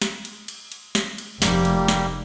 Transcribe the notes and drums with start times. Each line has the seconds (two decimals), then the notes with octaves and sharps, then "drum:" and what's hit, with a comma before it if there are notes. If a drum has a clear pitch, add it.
0.02 drum: snare
0.25 drum: cymbal
0.48 drum: cymbal
0.72 drum: cymbal
0.95 drum: snare
1.18 drum: cymbal
1.42 F1 G3 A#3 G4, drum: snare
1.65 drum: cymbal
1.88 drum: snare